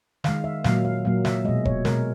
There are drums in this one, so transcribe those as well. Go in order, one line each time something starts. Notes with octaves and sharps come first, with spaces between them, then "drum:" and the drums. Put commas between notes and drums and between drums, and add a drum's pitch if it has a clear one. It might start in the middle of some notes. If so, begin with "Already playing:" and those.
D#3 G#3 F5, drum: snare
E5
A#2 F#3 A#3 F5, drum: snare
F5
A#2 F#3 A#3 F5
E5, drum: snare
B2 G#3 D#5
C#5, drum: kick E1
B2 G#3 A#4, drum: snare